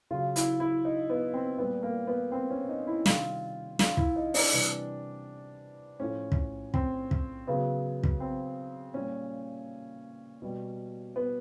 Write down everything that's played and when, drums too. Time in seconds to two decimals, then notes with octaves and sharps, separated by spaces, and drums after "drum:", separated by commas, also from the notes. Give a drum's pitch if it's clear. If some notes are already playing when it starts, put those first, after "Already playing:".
0.11 C#3 F#3 F4
0.36 E4, drum: hi-hat
0.60 E4
0.85 D#4
1.10 B3
1.34 C4
1.58 A#2 G3 B3
1.83 A#3
2.07 B3
2.32 C4
2.50 C#4
2.69 D#4
2.87 E4
3.06 C3 D#3 G3 F4, drum: snare
3.79 F4, drum: snare
3.97 E4, drum: kick
4.16 D#4
4.34 D4, drum: open hi-hat
4.53 C3 E3 G3
6.00 A2 F3 C#4
6.32 drum: kick
6.74 C4, drum: kick
7.11 drum: kick
7.47 C#3 F#3 B3
8.03 drum: kick
8.20 C4
8.94 A#2 G3 C#4
10.42 B2 G3
11.16 B3